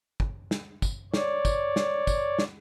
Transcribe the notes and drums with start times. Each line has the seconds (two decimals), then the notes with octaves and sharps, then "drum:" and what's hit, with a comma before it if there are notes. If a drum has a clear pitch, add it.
0.20 drum: kick
0.51 drum: snare
0.82 drum: kick, tambourine
1.14 C#5 D5, drum: snare
1.45 drum: kick, tambourine
1.76 drum: snare
2.07 drum: kick, tambourine
2.39 drum: snare